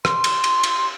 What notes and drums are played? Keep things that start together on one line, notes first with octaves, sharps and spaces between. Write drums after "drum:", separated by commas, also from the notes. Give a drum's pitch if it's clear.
C6, drum: rim click
drum: cymbal
drum: cymbal
drum: cymbal